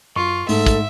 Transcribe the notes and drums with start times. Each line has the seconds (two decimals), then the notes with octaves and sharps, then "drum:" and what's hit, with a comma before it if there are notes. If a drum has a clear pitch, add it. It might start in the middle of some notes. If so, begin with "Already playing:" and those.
0.16 F#2 F4 C#6
0.49 G#2 A3 A4 E5, drum: open hi-hat
0.66 drum: kick, hi-hat